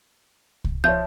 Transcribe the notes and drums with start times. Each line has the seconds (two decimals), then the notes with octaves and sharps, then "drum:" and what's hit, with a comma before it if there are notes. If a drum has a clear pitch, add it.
0.64 drum: kick C2
0.84 F3 C#5 E5 G6